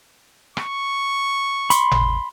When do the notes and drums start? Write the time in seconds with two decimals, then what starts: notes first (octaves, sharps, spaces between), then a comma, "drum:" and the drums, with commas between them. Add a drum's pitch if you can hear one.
0.57 C#6, drum: rim click
1.70 B5 C6, drum: hi-hat
1.91 drum: tom G#1